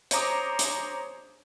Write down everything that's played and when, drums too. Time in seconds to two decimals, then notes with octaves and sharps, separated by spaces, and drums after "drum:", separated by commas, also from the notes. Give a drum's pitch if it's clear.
0.11 C5 C#5 A#5 D6 D#6, drum: hi-hat
0.59 drum: hi-hat